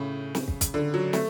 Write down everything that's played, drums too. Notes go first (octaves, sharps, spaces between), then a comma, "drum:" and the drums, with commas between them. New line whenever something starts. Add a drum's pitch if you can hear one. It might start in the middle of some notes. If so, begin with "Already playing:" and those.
Already playing: A2 C#3
drum: snare
drum: kick
drum: kick, hi-hat
D3
F#3
A3, drum: snare